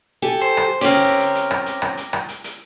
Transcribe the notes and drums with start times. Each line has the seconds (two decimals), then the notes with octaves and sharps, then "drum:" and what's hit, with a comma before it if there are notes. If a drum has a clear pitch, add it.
0.22 G4 A4 G#5
0.42 C5
0.57 drum: rim click
0.81 C4 C#4 G4 A#4
1.19 drum: hi-hat
1.35 drum: hi-hat
1.51 drum: rim click
1.66 drum: hi-hat
1.82 drum: rim click
1.97 drum: hi-hat
2.13 drum: rim click
2.29 drum: hi-hat
2.44 drum: hi-hat